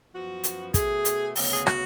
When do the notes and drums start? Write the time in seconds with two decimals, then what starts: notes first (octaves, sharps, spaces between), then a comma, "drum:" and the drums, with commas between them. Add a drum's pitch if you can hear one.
0.13 F#2 F3 B3 F#4
0.44 drum: hi-hat
0.74 B2 A3 G#4, drum: kick, hi-hat
1.05 drum: hi-hat
1.36 D2 C#3 F#3 B3, drum: open hi-hat
1.51 G#4
1.67 F#4, drum: rim click